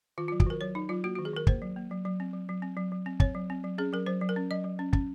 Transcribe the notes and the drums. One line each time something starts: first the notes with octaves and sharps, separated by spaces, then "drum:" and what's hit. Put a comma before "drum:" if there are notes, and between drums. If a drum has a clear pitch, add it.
D#3 F4
F#3 F4
F#4, drum: kick
D#3 A#4
F#3 C#5
F#3 D#4
F#3 F4
A#3 F#4
D#3 F#4
G#4
D#3 A#4
A#3 C5, drum: kick
F#3
A#3
F#3
F#3
C4
F#3
F#3
C4
F#3
F#3
C4
C4 C#5, drum: kick
F#3
C4
F#3
C#4 G#4
F#3 A#4
F#3 C5
F#3
A#4
C#4
F#3 D#5
F#3
C#4
C#4, drum: kick